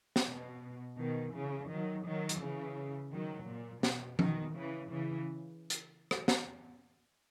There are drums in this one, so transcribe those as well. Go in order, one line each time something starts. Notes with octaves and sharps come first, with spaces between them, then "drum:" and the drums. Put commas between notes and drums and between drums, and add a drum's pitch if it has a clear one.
drum: snare
B2
B2 D#3
C#3 E3
D#3 F#3
D#3 F#3
drum: hi-hat
C#3 E3
D#3 F#3
A#2
B2, drum: snare
B2 D#3, drum: tom F3
C#3 E3
C#3 E3
drum: hi-hat
drum: rim click
drum: snare